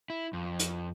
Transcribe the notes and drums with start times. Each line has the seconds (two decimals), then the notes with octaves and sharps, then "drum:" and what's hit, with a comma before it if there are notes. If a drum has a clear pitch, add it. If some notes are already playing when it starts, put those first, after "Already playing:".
0.10 E4
0.33 F2
0.59 drum: hi-hat